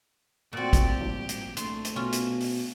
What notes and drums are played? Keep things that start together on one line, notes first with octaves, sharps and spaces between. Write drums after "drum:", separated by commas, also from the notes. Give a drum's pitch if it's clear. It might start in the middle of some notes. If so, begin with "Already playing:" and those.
A#2 A3 C4 F#4 D5
drum: kick, hi-hat
G4
drum: tom G3
drum: hi-hat
A3 D4 C6, drum: hi-hat
drum: hi-hat
B2 C#4 F4
drum: hi-hat
drum: open hi-hat